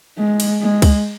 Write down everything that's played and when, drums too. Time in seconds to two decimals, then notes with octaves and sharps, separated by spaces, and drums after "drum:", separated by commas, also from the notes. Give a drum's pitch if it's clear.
0.18 G#3
0.40 drum: cymbal
0.61 G#3
0.82 drum: kick C#2, cymbal